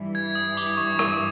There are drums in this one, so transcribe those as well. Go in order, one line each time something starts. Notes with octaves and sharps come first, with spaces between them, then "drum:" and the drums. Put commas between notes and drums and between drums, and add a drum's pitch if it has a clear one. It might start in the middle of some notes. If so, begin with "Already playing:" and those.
Already playing: G2 E3 G3
G#6
D#6
D6, drum: tambourine
C#6
C#6, drum: rim click